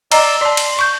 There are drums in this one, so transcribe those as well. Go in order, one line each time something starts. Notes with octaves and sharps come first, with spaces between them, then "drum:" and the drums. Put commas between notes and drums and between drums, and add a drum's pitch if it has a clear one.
D5 D#5 A#5 E6, drum: cymbal
D5 A5 C6
drum: cymbal
C#6 G6